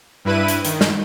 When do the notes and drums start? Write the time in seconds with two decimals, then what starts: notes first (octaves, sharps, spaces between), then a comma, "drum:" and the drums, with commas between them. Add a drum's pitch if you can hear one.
0.25 G2 E4 B4 D#7
0.48 drum: hi-hat
0.65 D#3, drum: hi-hat
0.81 drum: snare